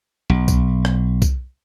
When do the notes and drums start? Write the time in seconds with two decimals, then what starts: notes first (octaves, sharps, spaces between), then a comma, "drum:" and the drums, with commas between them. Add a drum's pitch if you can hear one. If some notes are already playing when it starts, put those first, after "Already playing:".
0.30 B1
0.48 drum: kick, tambourine
0.85 drum: rim click
1.22 drum: kick, tambourine